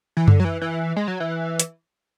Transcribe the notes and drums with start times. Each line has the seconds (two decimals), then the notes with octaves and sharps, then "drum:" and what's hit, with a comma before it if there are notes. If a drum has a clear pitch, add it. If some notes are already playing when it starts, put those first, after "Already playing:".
0.17 E3
0.28 D3, drum: tom F#2
0.40 F#3
0.45 E3
0.62 E3
0.96 G#3
1.08 F#3
1.20 E3
1.60 drum: hi-hat